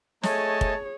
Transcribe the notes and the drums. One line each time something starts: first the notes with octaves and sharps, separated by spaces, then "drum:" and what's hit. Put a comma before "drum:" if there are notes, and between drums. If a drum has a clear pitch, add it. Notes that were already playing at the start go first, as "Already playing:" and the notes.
A3 G#4 C#5 D#5 G#5 A5, drum: snare
drum: kick